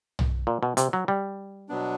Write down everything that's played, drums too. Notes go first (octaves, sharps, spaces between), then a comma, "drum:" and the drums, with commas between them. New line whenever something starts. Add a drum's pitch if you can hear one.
drum: tom
A#2
B2
C3, drum: hi-hat
F#3
G3
B2 F#3 B3 D4